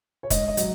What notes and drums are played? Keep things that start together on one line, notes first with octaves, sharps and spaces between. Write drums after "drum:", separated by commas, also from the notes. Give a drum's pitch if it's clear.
C#5
G#2 D#5, drum: kick, hi-hat
D#5
F#3, drum: hi-hat